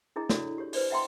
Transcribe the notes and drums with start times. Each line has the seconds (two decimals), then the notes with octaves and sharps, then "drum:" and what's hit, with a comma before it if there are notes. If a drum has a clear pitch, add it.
0.16 D4 E4 G#4 D#5 A#5
0.29 D4 E4 F#4 A4 C#5 D5, drum: snare
0.58 G4 C#5
0.73 B4 C5 D5 D#5, drum: open hi-hat
0.90 D#5 E5 F#5 G5 A#5 C6